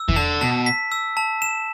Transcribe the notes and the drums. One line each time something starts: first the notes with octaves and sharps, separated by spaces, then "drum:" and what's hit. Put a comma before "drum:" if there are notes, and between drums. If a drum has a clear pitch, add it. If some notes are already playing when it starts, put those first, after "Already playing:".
Already playing: E6
E3, drum: kick E2
D3 A5
B2 A5
B6
E6
A5
E7